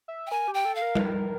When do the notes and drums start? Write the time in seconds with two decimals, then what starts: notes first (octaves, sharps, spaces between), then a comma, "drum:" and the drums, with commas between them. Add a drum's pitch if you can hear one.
0.08 E5
0.27 G5
0.30 A#4 G#5
0.48 G4
0.54 G5
0.65 A4
0.76 F5
0.82 A#4
0.95 drum: tom G3